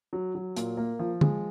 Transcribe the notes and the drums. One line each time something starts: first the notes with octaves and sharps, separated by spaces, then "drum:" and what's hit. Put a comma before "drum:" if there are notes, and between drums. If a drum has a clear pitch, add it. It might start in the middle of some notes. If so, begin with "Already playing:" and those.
F#3
F#3
A#2, drum: hi-hat
A#3
F3
G#3, drum: tom